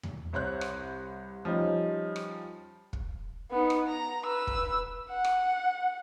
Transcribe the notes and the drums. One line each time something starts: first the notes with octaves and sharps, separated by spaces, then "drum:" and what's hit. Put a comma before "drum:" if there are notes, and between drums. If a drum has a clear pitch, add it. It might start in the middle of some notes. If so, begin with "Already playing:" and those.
drum: tom E2
C2 C5 C#5 F#6
drum: rim click
F3 G3 C#4 D#4
drum: rim click
drum: kick
B3 D#4
drum: rim click
A#5
B4 E6
drum: kick
F#5
drum: rim click